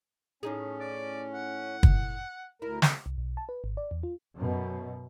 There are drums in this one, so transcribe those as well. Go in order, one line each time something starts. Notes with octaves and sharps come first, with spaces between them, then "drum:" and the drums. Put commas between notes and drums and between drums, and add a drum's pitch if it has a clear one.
A2 C#4 D#4 G#4
D5
F#5
drum: kick
D2 E4 A#4
drum: snare
C2
B1
A5
B4
G#1
D5
E2
F4
F#2 B2